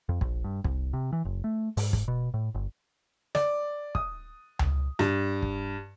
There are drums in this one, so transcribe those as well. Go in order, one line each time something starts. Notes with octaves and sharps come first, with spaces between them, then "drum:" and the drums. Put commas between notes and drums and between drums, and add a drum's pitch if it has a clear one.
F2
A#1, drum: kick
G2
C2, drum: kick
C3
E3
F#1
A3
G#2, drum: open hi-hat
drum: kick
B2
A2
G1
D5, drum: snare
D#6, drum: kick
drum: tom C#2
G2, drum: snare
drum: kick